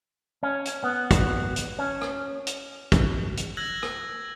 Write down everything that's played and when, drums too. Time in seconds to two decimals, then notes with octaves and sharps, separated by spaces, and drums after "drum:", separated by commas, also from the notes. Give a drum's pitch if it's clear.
0.43 C#4
0.65 drum: hi-hat
0.84 B3
1.11 drum: kick, hi-hat
1.56 drum: hi-hat
1.79 C#4
2.01 drum: rim click
2.47 drum: hi-hat
2.92 drum: kick, hi-hat
3.37 drum: hi-hat
3.57 E6 F#6 G#6 A#6 F#7
3.83 drum: rim click